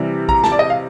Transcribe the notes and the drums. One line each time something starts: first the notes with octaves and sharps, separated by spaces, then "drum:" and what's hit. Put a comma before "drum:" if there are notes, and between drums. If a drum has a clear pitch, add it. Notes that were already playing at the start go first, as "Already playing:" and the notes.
Already playing: C3 E3 G3
A#5, drum: kick A#1
A5, drum: snare
D5
D#5
F5